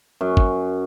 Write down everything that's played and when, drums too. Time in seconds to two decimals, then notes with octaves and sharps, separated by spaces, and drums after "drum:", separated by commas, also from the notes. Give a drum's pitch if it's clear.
0.21 F#2
0.37 drum: kick